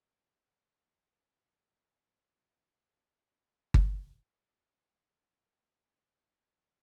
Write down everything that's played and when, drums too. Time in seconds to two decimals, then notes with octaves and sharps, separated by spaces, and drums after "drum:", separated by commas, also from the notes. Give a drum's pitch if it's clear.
0.12 F4
1.81 A#4
2.34 F3 A#3 B4
2.63 A4 G#5
3.74 drum: kick G1
4.71 E3
5.20 D#2 A2
5.69 A#2 B3
6.07 A1 G2